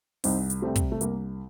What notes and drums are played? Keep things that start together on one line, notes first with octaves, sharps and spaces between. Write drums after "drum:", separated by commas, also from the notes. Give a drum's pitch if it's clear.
C2 C4 D#4, drum: open hi-hat
drum: hi-hat
C3 G3 A3 C4
drum: kick, hi-hat
A3
C2 A#3, drum: hi-hat